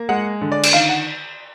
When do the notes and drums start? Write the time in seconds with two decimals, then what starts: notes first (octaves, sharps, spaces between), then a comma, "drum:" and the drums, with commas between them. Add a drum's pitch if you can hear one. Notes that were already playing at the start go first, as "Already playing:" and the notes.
Already playing: A#3
0.09 G#3 F#5
0.41 D3
0.52 D5
0.63 drum: cymbal
0.73 D#3 F5
0.89 F#5